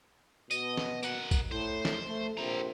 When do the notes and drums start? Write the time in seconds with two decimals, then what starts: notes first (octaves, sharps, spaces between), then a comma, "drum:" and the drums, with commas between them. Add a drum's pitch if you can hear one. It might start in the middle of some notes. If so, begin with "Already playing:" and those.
0.51 B2 D#5, drum: tambourine
0.78 drum: snare
1.03 A#3 F#5, drum: tambourine
1.31 drum: kick A#1, tambourine
1.51 A2 C5
1.85 drum: snare
2.06 A3
2.37 A#1 C3 E4 C5 A#5